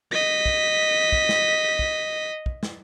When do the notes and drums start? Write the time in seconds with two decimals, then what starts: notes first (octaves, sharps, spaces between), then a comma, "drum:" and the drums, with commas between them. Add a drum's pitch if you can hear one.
0.12 D#5 B6
0.46 drum: kick
1.12 drum: kick
1.29 drum: snare
1.79 drum: kick
2.46 drum: kick
2.63 drum: snare